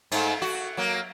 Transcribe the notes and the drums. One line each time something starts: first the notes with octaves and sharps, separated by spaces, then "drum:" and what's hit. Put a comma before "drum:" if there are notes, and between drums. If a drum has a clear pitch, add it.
G#2 A3, drum: cymbal
F#4
F#3 A#3